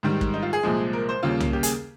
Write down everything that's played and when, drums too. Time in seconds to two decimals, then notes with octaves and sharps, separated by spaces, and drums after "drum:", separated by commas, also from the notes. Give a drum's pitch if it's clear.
0.03 G#2 D#3 G3
0.21 drum: kick
0.34 D#4
0.43 F4
0.53 G#4
0.63 C2 A#2 F3 G#3
0.93 A#4
1.09 C5
1.23 D#2 C#3 G3 A#3 F4
1.40 drum: tom C2
1.53 G4
1.63 G#4, drum: hi-hat